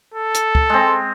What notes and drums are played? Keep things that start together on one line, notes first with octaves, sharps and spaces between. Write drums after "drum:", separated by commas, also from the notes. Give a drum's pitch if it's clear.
A4
drum: hi-hat
drum: kick
G#3 C4